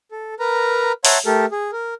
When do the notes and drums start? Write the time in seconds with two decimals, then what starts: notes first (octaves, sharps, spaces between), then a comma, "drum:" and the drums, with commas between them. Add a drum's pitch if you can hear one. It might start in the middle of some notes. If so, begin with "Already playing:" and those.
0.12 A4
0.39 A#4 B4 A#5
1.05 C#5 E5 F#5 A5 A#5 C6, drum: open hi-hat
1.26 A3 G4 A4 A#4
1.52 G#4
1.72 A#4